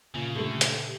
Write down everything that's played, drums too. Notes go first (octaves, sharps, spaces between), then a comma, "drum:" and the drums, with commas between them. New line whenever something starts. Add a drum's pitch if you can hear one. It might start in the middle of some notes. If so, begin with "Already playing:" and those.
A#2 C#3 A#3 F4 E5
D3 A3 G4
drum: hi-hat